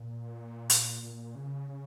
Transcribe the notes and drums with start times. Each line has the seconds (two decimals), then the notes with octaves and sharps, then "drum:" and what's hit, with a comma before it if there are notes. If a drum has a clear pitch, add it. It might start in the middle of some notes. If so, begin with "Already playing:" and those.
Already playing: A#2
0.70 drum: hi-hat
1.02 A#2
1.35 C#3
1.69 C#3